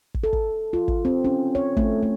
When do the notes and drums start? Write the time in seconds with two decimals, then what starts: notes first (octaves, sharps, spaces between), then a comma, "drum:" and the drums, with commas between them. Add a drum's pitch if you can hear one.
0.14 drum: kick
0.24 A4
0.33 drum: kick
0.73 F4
0.88 drum: kick
1.05 C4
1.25 C#4
1.55 C#5
1.77 A3, drum: kick
2.03 A3